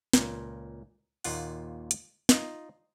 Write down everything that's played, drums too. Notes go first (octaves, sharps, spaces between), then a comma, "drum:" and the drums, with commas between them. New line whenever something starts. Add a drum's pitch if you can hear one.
C#2 A#2, drum: snare
D#2 A#2 F4 F#5, drum: open hi-hat
drum: hi-hat
D#4 F4 D#5, drum: snare